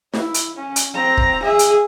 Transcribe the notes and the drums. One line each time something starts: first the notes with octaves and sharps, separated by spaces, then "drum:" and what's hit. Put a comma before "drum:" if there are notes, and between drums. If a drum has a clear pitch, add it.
E4, drum: snare
drum: hi-hat
C#4
drum: hi-hat
C4 A#5
drum: kick
G#4 E5
drum: hi-hat